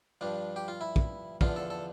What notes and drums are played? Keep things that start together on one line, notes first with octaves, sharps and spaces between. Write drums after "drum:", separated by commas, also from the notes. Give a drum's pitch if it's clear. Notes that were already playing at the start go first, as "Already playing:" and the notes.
G2 F3 D4
G4
F4
E4
drum: kick
E2 D3 F3 F4, drum: kick
A4
A4